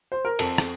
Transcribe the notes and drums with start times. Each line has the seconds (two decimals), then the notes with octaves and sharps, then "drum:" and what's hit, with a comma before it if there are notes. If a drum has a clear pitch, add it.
0.12 C5
0.25 A#4
0.39 F2 A4, drum: cymbal
0.58 drum: rim click